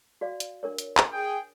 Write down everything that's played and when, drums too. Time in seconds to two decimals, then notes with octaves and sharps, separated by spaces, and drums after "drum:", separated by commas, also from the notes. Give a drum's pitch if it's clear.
0.21 F#4 D5 F5
0.40 drum: hi-hat
0.63 D4 A#4 C#5
0.78 drum: hi-hat
0.98 drum: clap
1.12 G#4 G5